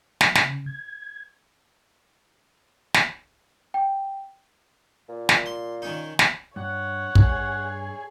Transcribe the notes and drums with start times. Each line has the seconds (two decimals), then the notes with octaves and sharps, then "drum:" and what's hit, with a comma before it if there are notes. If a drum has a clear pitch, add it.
0.21 F#3, drum: snare
0.35 C#3, drum: snare
0.66 G#6
2.94 drum: snare
3.74 G5
5.09 A#2
5.29 drum: snare
5.46 C6
5.82 D#3 C#4 D#4
6.19 drum: snare
6.56 G2 C#5 F#5
7.15 G2 G#4 F#5, drum: kick